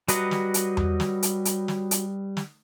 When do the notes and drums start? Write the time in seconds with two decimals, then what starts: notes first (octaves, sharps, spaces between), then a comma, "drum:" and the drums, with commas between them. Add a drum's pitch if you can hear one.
0.08 F#3 G3 B4 D#5, drum: hi-hat
0.31 drum: snare
0.54 drum: hi-hat
0.77 drum: tom E2
1.00 drum: snare
1.23 drum: hi-hat
1.45 drum: hi-hat
1.68 drum: snare
1.91 drum: hi-hat
2.37 drum: snare